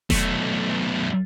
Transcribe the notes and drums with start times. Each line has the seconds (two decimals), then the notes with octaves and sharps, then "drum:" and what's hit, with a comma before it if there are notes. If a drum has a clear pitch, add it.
0.10 B1 A3, drum: snare E1